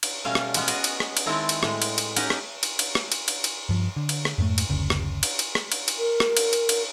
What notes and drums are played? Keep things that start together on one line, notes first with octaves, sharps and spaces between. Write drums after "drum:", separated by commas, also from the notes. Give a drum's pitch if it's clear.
drum: cymbal
B2 G3 A3 C#4 D5 F5
drum: rim click
G#3 B3 C#4, drum: cymbal
F#4 G#4 D#5, drum: cymbal
drum: cymbal
drum: rim click
drum: cymbal
D#3 G#3 C4 E4 A5 A#5
drum: cymbal
A2 G#3 G#5, drum: rim click
drum: cymbal
drum: cymbal
C#4 D#4 G4 D#5 F#5 A#5, drum: cymbal
drum: rim click
drum: cymbal
drum: cymbal
drum: rim click
drum: cymbal
drum: cymbal
drum: cymbal
G2 F3
D3
drum: cymbal
drum: rim click
F2 G#2 G#3 A3
drum: cymbal
F#1 D2 C#3
drum: rim click
drum: cymbal
drum: cymbal
drum: rim click
drum: cymbal
drum: cymbal
A#4
drum: rim click
drum: cymbal
drum: cymbal
drum: cymbal